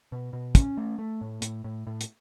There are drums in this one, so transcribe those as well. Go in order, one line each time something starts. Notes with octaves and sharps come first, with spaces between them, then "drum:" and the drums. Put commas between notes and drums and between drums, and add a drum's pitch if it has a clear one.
B2
B2
C#4, drum: kick, hi-hat
A3
A3
A2
A2, drum: hi-hat
A2
A2
drum: hi-hat